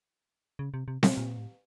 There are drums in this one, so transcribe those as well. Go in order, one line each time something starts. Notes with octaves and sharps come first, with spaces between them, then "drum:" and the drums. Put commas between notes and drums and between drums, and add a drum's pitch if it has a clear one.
C#3
C3
C3
B2, drum: snare C4
A#2
A2